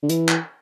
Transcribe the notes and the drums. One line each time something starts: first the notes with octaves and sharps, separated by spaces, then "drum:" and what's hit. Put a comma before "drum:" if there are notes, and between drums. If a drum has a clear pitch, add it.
D3
E3, drum: hi-hat
drum: clap